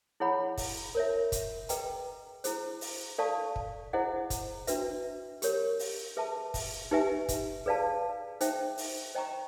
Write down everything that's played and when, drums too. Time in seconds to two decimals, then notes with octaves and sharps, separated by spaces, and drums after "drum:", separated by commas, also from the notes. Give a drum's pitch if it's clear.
0.20 E4 G#4 C#5 F#5 B5
0.57 drum: kick, open hi-hat
0.95 A#4 C#5 E5
1.32 drum: kick, hi-hat
1.69 G#4 B4 D#5 G5 A#5, drum: hi-hat
2.44 E4 G#4 C5, drum: hi-hat
2.81 drum: open hi-hat
3.18 A4 D5 F5 A5 C#6
3.56 drum: kick
3.93 E4 G#4 C5 D#5 F#5
4.30 drum: kick, hi-hat
4.67 D4 F#4 B4 E5, drum: hi-hat
5.42 G4 A#4 C#5, drum: hi-hat
5.79 drum: open hi-hat
6.17 G#4 B4 E5 A5
6.54 drum: kick, open hi-hat
6.91 D#4 G4 B4 E5 G#5
7.29 drum: kick, hi-hat
7.66 G#4 B4 D5 F5 A5
8.41 D#4 G#4 C5 E5 G5, drum: hi-hat
8.78 drum: open hi-hat
9.15 C5 D#5 G5 A#5 C#6